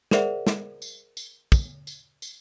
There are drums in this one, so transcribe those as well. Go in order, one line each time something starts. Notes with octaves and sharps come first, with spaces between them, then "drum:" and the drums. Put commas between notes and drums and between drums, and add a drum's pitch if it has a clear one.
G#4 A#4 C5 D5 E5 F#5, drum: snare
drum: snare
drum: tambourine
drum: tambourine
drum: kick, tambourine
drum: tambourine
drum: tambourine